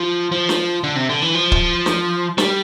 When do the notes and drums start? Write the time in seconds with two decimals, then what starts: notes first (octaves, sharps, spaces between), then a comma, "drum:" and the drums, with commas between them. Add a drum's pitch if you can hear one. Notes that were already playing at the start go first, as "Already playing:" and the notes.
Already playing: F3
0.32 F3
0.49 drum: snare
0.84 D3
0.96 C3
1.09 D3
1.22 E3
1.35 F3
1.52 drum: kick
1.86 drum: snare
2.38 G3, drum: snare